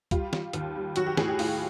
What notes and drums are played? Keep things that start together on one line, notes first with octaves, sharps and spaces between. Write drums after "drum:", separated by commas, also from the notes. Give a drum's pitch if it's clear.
G3 F4, drum: kick, hi-hat
G3, drum: snare
D#2, drum: hi-hat
G3
F#3 F#4, drum: hi-hat
G4
A2 G#4, drum: snare
G4
A2 F4, drum: open hi-hat